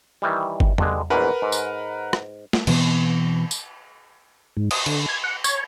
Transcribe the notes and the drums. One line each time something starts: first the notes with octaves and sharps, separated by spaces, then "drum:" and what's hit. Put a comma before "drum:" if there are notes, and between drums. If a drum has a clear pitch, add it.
D#3 E3 G3
drum: kick G1
G2 D3 G#3, drum: tom E2
A#1 E2 G#2 A#4 B4 F#5
G#2
drum: tambourine
drum: rim click
drum: snare
B2 E3 B3 C4, drum: cymbal
drum: tambourine
G#2
D#6, drum: cymbal
D3, drum: cymbal
G#6
F#5
C#5, drum: tambourine